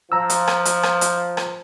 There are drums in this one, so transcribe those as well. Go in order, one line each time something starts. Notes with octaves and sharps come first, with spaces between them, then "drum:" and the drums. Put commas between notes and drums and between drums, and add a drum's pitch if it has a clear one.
F3 A#5 E6
drum: hi-hat
drum: rim click
drum: hi-hat
drum: rim click
drum: hi-hat
drum: rim click